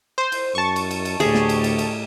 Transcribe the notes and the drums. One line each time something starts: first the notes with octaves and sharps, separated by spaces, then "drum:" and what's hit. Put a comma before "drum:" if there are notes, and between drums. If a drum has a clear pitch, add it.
C5
drum: cymbal
F#2 A5 C#6
drum: cymbal
drum: cymbal
drum: cymbal
D2 A2 G4 G#4, drum: cymbal
drum: snare
drum: cymbal
drum: cymbal
drum: cymbal